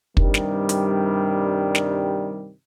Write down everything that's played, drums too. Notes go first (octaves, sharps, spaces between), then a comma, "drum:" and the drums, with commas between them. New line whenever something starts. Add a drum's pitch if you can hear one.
G2 C3 D#3 G3, drum: kick
drum: snare
drum: hi-hat
drum: snare